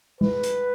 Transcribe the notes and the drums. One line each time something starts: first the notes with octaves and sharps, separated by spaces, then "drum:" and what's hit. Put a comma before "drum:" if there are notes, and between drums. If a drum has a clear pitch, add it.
B4, drum: tom G#3
drum: hi-hat